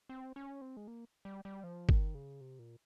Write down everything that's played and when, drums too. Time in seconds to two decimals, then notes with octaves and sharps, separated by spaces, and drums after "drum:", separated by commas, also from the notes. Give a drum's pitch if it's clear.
0.09 C4
0.36 C#4
0.61 C4
0.77 G#3
0.87 A#3
1.25 G3
1.45 G3
1.64 F3
1.89 D#3, drum: kick
2.15 C#3
2.41 C3
2.59 A#2